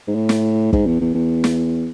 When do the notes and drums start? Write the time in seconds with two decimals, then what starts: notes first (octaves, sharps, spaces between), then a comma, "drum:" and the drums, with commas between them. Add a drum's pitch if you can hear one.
0.07 G#2
0.15 A2
0.29 drum: snare
0.73 G#2, drum: kick
0.86 E2
1.01 E2
1.15 E2
1.44 drum: snare